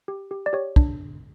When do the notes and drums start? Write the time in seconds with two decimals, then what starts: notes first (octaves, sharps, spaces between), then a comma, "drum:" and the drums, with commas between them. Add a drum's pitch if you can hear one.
0.08 G4
0.31 G4
0.46 D5
0.53 G4 C#5
0.76 D4, drum: kick